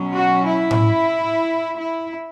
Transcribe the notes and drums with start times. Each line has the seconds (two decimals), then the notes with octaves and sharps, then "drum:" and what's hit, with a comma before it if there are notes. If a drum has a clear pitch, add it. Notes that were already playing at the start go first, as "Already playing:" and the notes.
Already playing: B2 F#3 C#4
0.16 F#4
0.48 E4
0.71 drum: tom A2
1.80 E4